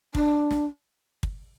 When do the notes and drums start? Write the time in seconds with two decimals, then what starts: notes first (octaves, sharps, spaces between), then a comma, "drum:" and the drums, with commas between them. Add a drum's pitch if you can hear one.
0.15 D4, drum: kick
0.51 drum: snare
1.23 drum: kick